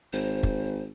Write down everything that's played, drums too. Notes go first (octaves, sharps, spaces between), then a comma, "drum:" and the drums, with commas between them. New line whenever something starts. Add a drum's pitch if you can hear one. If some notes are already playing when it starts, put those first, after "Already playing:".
G#1 C5
drum: kick